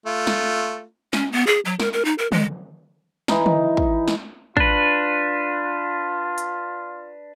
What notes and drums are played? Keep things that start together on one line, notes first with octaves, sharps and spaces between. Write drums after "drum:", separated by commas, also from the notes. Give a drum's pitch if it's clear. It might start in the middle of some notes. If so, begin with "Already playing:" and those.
A3 F4
drum: snare
C#4, drum: snare
B3
G#4
F#3
A#4, drum: snare
A#4
D#4
A#4
G#3, drum: tom
E3 D#4, drum: snare
drum: tom
drum: kick
drum: snare
D4 F4 B4, drum: kick
drum: hi-hat